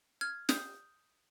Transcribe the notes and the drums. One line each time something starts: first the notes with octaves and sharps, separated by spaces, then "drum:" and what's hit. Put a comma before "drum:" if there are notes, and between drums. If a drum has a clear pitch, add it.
F6 G#6
D#6 G6, drum: snare